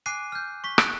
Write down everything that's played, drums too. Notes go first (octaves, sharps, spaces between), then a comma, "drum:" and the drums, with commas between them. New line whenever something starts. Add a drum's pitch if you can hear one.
G#5 D6 F#6 C7 D#7
F6 G6
C#6 B6 G7
F#6, drum: rim click